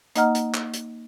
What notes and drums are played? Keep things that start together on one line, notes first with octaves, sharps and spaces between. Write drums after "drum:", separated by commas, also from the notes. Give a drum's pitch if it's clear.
A#3 D#4 D#5 F#5 A#5 F6, drum: hi-hat
drum: hi-hat
drum: clap
drum: hi-hat